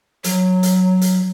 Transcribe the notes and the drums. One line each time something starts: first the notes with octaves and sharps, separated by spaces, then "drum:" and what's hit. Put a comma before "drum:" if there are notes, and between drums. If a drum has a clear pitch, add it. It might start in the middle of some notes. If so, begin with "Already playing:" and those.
F#3, drum: hi-hat
drum: hi-hat
drum: hi-hat